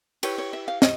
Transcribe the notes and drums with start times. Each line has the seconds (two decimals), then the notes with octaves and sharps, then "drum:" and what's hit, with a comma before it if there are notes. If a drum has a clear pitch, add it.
0.23 E4 G4 B4 C#5, drum: cymbal
0.38 C#5
0.53 E5
0.68 F5
0.82 D#5, drum: snare